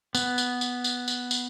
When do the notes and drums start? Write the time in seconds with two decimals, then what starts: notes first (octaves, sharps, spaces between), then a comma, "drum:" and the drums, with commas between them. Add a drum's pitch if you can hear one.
0.15 B3, drum: tambourine
0.38 drum: tambourine
0.61 drum: tambourine
0.84 drum: tambourine
1.08 drum: tambourine
1.31 drum: tambourine